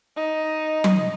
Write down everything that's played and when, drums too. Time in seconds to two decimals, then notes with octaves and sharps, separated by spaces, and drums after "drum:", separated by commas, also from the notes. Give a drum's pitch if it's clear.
0.17 D#4
0.84 drum: tom F#3